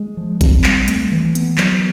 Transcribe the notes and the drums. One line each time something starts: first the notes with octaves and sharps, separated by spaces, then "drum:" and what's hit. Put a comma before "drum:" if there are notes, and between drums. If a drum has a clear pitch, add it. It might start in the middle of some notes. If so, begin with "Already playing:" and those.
Already playing: G#3
F3
C4, drum: kick, hi-hat
G3, drum: clap
A3, drum: hi-hat
E3
B3, drum: hi-hat
F#3, drum: clap